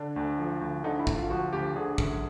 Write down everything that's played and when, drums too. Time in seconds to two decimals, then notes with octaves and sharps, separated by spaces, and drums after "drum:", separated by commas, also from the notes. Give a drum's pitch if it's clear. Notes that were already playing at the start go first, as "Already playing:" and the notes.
Already playing: D3 D4
0.16 D2
0.38 F3
0.61 D2
0.84 D3 D#4
0.99 E4
1.07 D2, drum: kick
1.15 F4
1.30 F3 F#4
1.53 D2 G4
1.76 D3 G#4
1.98 F#2, drum: kick